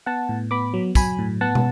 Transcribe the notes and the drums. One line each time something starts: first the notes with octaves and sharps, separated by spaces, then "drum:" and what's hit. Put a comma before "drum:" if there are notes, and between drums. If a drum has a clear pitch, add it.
B3 F#5 A5
A2
B3 B5 D6
F#3
F#3 G#5 B5, drum: kick, tambourine
A2
B3 F#5 A5
drum: tom